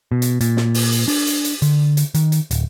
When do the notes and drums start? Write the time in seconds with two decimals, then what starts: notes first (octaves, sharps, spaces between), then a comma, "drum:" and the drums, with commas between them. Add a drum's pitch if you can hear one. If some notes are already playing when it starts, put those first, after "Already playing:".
0.12 B2
0.22 drum: hi-hat
0.41 A#2, drum: hi-hat
0.57 drum: snare
0.74 drum: open hi-hat
0.92 drum: hi-hat
1.08 D4, drum: open hi-hat
1.27 drum: hi-hat
1.44 drum: hi-hat
1.62 D3, drum: hi-hat
1.97 drum: hi-hat
2.14 D#3, drum: hi-hat
2.32 drum: hi-hat
2.51 D1, drum: hi-hat